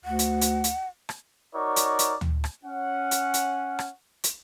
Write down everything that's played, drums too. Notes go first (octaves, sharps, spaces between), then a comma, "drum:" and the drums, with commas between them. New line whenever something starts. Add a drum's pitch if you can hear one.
D2 F#5
drum: hi-hat
drum: hi-hat
drum: hi-hat
drum: rim click
D#4 F#4 A#4 C#5 D5
drum: hi-hat
drum: hi-hat
drum: tom D2
drum: rim click
C#4 F#5
drum: hi-hat
drum: hi-hat
drum: rim click
drum: hi-hat